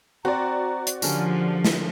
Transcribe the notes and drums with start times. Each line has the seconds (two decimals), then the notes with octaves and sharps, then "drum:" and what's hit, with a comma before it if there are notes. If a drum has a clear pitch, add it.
0.25 C4 F#4 D5 A#5
0.87 drum: hi-hat
1.02 D3 F3 C#4 G4 A#4, drum: tambourine
1.65 drum: snare